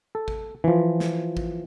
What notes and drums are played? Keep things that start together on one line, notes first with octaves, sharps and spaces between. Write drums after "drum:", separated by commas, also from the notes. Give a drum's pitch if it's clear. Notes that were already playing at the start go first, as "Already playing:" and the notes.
A4
drum: kick
E3 F3
drum: snare
drum: kick